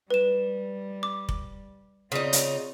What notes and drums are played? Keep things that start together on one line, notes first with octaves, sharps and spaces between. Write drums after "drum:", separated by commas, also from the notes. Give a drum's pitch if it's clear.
G3 B4 E7
D6
drum: kick F1
C#3 C4 D#4 F4
drum: hi-hat